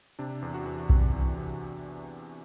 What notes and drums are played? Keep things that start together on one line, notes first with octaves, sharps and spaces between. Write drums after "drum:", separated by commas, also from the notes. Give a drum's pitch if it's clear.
C3 D4
E2
F#4
E2
C3, drum: kick B1
E3
C3